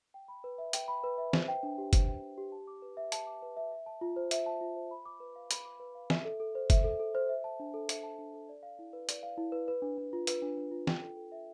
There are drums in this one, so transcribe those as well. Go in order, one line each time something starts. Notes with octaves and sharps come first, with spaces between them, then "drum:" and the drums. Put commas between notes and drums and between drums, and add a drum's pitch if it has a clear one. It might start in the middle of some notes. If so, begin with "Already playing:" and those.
G5
B5
B4
E5
G5, drum: hi-hat
B5
B4
E5
C5, drum: snare
G5
D4
G4
C5, drum: kick G1, hi-hat
G5
D4
G4
A5
D6
B4
E5
A5, drum: hi-hat
D6
B4
E5
E5
A5
F4
C5
E5, drum: hi-hat
A5
F4
C5
B5
D6
B4
F5
B5, drum: hi-hat
D6
B4
F5
E5, drum: snare
A4
A4
C5
E5, drum: kick G1, hi-hat
A4
A4
C5
E5
A5
D4
A4
E5, drum: hi-hat
A5
D4
A4
D5
F5
E4
B4
D5, drum: hi-hat
F5
E4
B4
B4
D4
D4
F4
B4, drum: hi-hat
D4
D4
F4
G5, drum: snare
A4
A4
E5